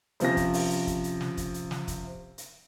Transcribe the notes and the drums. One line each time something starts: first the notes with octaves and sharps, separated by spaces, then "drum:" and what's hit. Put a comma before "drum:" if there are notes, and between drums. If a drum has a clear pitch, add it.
C3 F3 C#4 A#6, drum: hi-hat
drum: kick, hi-hat
drum: open hi-hat
drum: hi-hat
drum: kick, hi-hat
drum: hi-hat
drum: snare
drum: kick, hi-hat
drum: hi-hat
drum: snare
drum: kick, hi-hat
drum: hi-hat